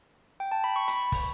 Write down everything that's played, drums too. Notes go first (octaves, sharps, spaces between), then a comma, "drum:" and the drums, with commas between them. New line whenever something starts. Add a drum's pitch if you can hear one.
G5
A5
B5
C#6
B5, drum: hi-hat
drum: kick, open hi-hat